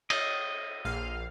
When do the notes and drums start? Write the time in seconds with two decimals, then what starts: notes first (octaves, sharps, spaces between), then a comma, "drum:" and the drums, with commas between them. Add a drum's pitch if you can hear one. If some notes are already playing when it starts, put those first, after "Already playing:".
0.10 D#5, drum: cymbal
0.85 A#1 F5